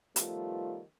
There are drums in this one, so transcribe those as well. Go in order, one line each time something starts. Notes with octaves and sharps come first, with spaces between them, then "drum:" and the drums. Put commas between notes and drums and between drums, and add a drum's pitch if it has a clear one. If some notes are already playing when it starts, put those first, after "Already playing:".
D#3 F3 G3 A3 B3 F4, drum: hi-hat